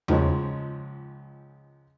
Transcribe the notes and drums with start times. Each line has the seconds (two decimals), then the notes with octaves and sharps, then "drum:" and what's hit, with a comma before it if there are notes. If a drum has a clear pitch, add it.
0.08 C#2 G#2 F3 G#3 C#5, drum: tom E2